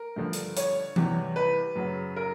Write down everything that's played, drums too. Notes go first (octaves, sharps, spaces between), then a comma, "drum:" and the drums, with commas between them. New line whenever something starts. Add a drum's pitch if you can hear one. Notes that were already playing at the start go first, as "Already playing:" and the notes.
Already playing: A#4
G2 D3 F3
drum: hi-hat
C#5, drum: hi-hat
E2 C3 E3 G3, drum: tom E3
B4
F#2 C#3 F#3
A#4